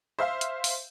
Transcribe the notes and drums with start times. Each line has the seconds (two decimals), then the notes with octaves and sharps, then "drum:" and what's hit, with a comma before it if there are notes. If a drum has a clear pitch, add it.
0.19 C5 E5 F5 C6
0.41 drum: hi-hat
0.64 drum: open hi-hat